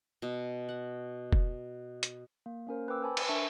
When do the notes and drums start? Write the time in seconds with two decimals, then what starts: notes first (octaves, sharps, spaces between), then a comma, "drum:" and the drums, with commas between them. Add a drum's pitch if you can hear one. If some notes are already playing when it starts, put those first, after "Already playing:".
0.22 B2
0.69 F#5
1.32 drum: kick
2.03 drum: hi-hat
2.46 A#3
2.67 A#3 C#4 A#4 C5
2.88 B4 C5 G5 D6 E6
3.03 B4 C5 G#5 A5 B5
3.17 drum: cymbal
3.28 D4 A#4 E5 A5 C#6